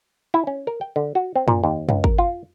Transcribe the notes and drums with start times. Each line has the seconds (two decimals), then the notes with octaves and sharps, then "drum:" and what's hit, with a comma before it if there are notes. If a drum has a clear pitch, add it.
0.34 E4
0.47 C#4
0.67 A#4
0.81 G5
0.96 D3
1.15 F#4
1.36 C4
1.48 A#2, drum: tom
1.64 D#2
1.89 C#2, drum: tom
2.04 A#4, drum: kick
2.18 F4